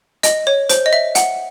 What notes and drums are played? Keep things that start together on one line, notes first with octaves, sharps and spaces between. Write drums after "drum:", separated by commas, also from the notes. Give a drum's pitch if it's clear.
D#5, drum: hi-hat
C#5
C5, drum: hi-hat
D#5
E5
F#5, drum: hi-hat